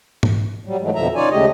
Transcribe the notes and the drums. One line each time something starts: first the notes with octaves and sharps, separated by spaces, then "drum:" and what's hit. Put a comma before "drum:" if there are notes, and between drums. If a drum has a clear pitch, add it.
drum: tom G#2
F#3 G3
G#2 E3 F#3 G#3 A3
F2 B2 D3 F3 E5 A#5
C#4 D#4 F4 C#5 D5 G#5
D#2 C#3 G#3 A3 G4 D#5